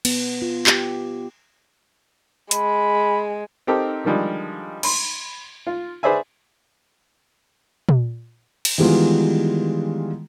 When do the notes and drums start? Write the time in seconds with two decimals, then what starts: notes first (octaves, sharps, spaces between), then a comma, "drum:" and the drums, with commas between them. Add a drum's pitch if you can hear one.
0.05 B3, drum: cymbal
0.42 F4
0.67 G4, drum: clap
2.51 G#3 B5, drum: hi-hat
3.67 C4 D#4 G4 A4 A#4
4.04 D3 D#3 F3 G3 G#3
4.83 B5 C6, drum: cymbal
5.67 F4
6.03 G#4 B4 C5 D5 E5 G#5
7.89 drum: tom A#2
8.65 drum: cymbal
8.78 D#3 E3 G3 G#3 B3 F4